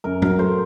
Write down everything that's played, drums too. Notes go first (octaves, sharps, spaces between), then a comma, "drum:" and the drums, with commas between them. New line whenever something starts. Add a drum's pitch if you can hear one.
F#2 A#4
F#3 A#4, drum: tom A2
A3 C5